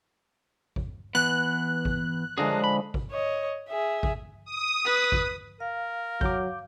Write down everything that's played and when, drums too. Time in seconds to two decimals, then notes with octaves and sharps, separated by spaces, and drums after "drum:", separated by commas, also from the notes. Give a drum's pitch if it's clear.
0.76 drum: kick G#1
1.15 E3 B3 F#6
1.85 drum: kick G#1
2.38 D3 F3 G#3 G#4 A#4
2.64 B5
2.94 drum: kick G#1
3.11 C#5 D#5
3.69 G#4 E5
4.03 drum: kick G#1
4.45 D#6
4.85 B4
5.12 drum: kick G#1
5.60 A#4 F5
6.21 F#3 D6 G6, drum: kick G#1